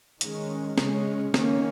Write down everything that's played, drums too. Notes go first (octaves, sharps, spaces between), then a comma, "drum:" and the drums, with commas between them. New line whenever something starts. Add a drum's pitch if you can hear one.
D#3 G#3 C#4, drum: hi-hat
C#3 G#3 C#4, drum: snare
D#3 A#3 C#4, drum: snare